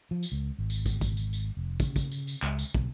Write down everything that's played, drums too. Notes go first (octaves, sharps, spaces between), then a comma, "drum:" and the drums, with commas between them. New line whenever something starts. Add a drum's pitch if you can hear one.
F3
drum: tambourine
C#2
G#1
drum: tambourine
drum: kick, tambourine
drum: kick, tambourine
drum: tambourine
drum: tambourine
F1
C#3, drum: kick, tambourine
drum: kick, tambourine
drum: tambourine
drum: tambourine
C#2, drum: clap
drum: tambourine
B1, drum: kick